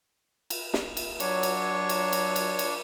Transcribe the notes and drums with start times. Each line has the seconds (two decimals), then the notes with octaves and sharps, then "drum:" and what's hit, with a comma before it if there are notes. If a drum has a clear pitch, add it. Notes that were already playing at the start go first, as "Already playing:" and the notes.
0.50 drum: cymbal
0.74 drum: snare
0.97 drum: cymbal
1.20 F#3 D4 C#5 C#6, drum: cymbal
1.43 drum: cymbal
1.89 drum: cymbal
2.13 drum: cymbal
2.36 drum: cymbal
2.59 drum: cymbal